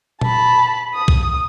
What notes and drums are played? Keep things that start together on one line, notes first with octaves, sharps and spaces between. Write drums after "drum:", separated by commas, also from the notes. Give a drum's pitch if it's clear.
A5 B5, drum: tom A#2
D#6
drum: kick B1